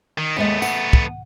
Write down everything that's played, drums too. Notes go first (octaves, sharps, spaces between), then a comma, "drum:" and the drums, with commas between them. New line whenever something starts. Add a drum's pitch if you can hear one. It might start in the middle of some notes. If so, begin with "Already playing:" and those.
D#3
D#2 G#3 A3 B3 D#5
F#5, drum: tambourine
drum: kick